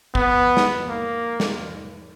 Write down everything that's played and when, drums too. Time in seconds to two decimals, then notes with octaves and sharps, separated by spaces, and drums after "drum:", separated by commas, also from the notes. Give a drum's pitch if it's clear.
0.15 B3, drum: kick
0.57 drum: snare
0.88 A#3
1.40 drum: snare